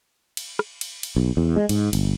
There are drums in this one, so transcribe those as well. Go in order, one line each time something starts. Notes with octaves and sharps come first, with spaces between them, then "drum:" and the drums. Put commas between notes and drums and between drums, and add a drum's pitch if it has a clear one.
drum: cymbal
drum: rim click
drum: cymbal
drum: cymbal
B1
E2
G#3
G#2, drum: cymbal
G1, drum: cymbal